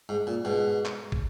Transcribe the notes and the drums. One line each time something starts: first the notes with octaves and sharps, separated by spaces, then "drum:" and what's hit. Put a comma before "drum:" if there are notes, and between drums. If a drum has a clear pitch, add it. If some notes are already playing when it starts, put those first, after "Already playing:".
G#2
A#2
G#2 B2
drum: clap
drum: kick